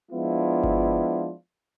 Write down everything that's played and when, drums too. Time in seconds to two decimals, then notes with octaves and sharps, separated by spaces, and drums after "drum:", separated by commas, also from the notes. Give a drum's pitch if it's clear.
0.12 F3 G#3 B3 D4 E4 F4
0.64 drum: kick G1